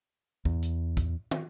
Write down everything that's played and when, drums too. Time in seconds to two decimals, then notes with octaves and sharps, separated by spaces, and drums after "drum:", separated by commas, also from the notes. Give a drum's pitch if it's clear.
0.45 E2, drum: kick
0.63 drum: hi-hat
0.97 drum: kick, hi-hat
1.31 drum: tom